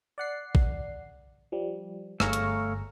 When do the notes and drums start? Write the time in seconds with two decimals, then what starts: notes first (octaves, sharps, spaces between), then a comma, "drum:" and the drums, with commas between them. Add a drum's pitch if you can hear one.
0.18 D5 F#5 C7
0.55 drum: kick A1
1.52 F3 G3
2.20 G1 A3 G#4 C#5 F5 A#5, drum: rim click
2.33 drum: hi-hat